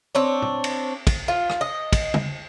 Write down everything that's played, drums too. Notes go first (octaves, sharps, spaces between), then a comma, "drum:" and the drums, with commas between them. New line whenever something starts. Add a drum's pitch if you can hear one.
C4 D4 C#5
drum: tom
drum: cymbal
drum: kick, cymbal
F4
drum: rim click
D#5
drum: kick, cymbal
drum: tom